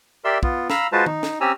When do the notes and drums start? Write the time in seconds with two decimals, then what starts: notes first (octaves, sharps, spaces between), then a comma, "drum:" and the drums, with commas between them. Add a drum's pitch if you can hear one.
0.25 G4 A#4 D5 E5 C6 E6
0.43 B3 F4, drum: kick
0.70 F5 A#5 B5 E6, drum: snare
0.92 G#3 F4 F#4 B4 C5 A5
1.06 D#4, drum: tom D#3
1.23 drum: snare
1.41 C4 C#4 G4 G#5 A#5 E6